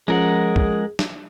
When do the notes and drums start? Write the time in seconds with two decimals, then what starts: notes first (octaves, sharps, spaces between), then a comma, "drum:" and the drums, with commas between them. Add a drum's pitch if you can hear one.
0.08 F3 G#3 C#4 G#4 A#4 F#5
0.56 drum: kick
0.99 drum: snare